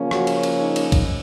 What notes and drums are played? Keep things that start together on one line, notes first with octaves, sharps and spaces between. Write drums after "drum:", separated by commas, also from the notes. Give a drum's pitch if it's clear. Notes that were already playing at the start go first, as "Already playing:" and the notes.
Already playing: C#3 F3 A#3 C#4
F#4, drum: rim click
drum: cymbal
drum: cymbal
D#4
drum: cymbal
drum: kick B1, cymbal